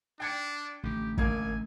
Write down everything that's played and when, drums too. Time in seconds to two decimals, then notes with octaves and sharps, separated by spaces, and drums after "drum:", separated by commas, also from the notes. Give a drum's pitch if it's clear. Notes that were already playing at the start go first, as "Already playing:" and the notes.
0.20 D4 G5 G#6 C#7
0.83 A1 D3 G4
1.18 E1 A#3 G#5 G#6, drum: kick